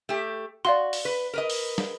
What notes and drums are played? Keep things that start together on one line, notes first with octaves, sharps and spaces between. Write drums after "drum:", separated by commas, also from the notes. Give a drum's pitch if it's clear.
A3 G4
F#4 D5 F5 C6
drum: open hi-hat
B4
A#4 B4 D#5
drum: open hi-hat
drum: snare